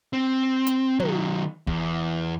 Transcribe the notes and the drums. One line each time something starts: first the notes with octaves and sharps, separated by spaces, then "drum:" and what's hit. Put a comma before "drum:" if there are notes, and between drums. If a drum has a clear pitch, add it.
C4
drum: hi-hat
D#3 F#3, drum: tom
E2, drum: kick